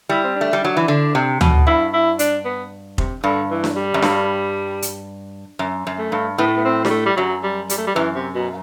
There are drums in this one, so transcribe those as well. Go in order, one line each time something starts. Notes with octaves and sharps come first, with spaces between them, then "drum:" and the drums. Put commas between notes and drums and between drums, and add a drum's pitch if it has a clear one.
G3 E4
C4
D4
A3
G3
F#3 D4
E3
D3
C3
B2, drum: tom D2
G2 E4
E4
D4, drum: hi-hat
B3
C3, drum: kick F1
G2 D3
E3
drum: snare D4
G3
F#2
G2, drum: snare D4
drum: hi-hat
F#2
F#2
A3
G2
A2 B3
A3
B3
C4
G3, drum: snare D4
A3
G3
F#2 F#3
G3
G3, drum: hi-hat
A3
G3
F#2 E3
C3
B2